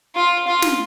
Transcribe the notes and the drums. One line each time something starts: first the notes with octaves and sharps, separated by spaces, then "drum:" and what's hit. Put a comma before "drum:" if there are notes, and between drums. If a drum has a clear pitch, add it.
F4
F4
drum: snare